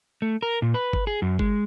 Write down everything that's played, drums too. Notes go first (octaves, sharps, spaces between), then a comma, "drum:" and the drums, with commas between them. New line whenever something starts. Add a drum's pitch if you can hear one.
A3
A#4
A#2
B4
drum: kick G1
G#4
F#2
G#3, drum: kick G1